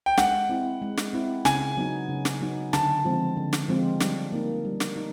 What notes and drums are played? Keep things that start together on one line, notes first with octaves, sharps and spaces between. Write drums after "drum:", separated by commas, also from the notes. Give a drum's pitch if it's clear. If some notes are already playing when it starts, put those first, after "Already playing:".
G5
G#3 F#5, drum: snare
C4 E4
G#3
drum: snare
C4 E4
C#3 G#5, drum: snare
F#3 B3 D#4
C#3
drum: snare
F#3 B3 D#4
D3 A5, drum: snare
F3 G#3 C4 F4
D3
drum: snare
F3 G#3 C4 F4
G3, drum: snare
A#3 D#4
G3
drum: snare
D#4